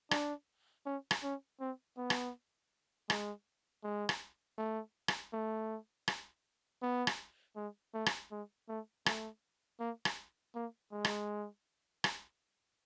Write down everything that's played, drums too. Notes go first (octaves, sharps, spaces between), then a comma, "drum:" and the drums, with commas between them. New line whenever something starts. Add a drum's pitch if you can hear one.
D4, drum: rim click
C#4
drum: rim click
C#4
C4
B3
drum: rim click
G#3, drum: rim click
G#3
drum: rim click
A3
drum: rim click
A3
drum: rim click
B3
drum: rim click
G#3
A3
drum: rim click
G#3
A3
A3, drum: rim click
A#3
drum: rim click
A#3
G#3
drum: rim click
drum: rim click